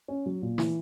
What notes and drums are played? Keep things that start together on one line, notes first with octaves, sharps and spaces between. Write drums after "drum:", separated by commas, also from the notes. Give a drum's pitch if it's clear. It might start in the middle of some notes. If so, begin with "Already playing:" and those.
C#4
F#3
A#2
E3, drum: snare